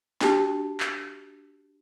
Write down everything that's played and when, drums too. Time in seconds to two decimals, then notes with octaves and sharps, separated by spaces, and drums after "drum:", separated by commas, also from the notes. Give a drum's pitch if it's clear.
0.21 D4 F#4 G4 A5, drum: snare
0.80 drum: clap